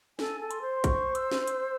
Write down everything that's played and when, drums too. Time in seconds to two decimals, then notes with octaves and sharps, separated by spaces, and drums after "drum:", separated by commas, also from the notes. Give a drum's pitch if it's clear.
0.19 A4 G#5, drum: snare
0.40 A4
0.51 C6, drum: hi-hat
0.62 C5
0.76 C6
0.84 C#6, drum: kick, hi-hat
1.15 E6, drum: hi-hat
1.31 drum: snare
1.47 E6, drum: hi-hat